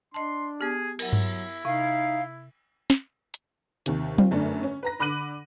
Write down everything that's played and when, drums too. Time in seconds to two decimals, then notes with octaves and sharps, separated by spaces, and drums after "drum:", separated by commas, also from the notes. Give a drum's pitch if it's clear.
0.14 D4 D#5 A5 C6
0.61 B3 G4 G#4
0.99 F#3 E4 A#4 F#5, drum: cymbal
1.13 drum: tom G2
1.65 C3 D#4 F5
2.90 drum: snare
3.34 drum: hi-hat
3.86 D#2 C3, drum: hi-hat
4.18 C4 F4, drum: tom F#3
4.31 G1 F#2 A3 D4
4.63 C#4
4.83 B4 A#5 A#6
4.99 D3 B5 D6 F#6 D#7 F#7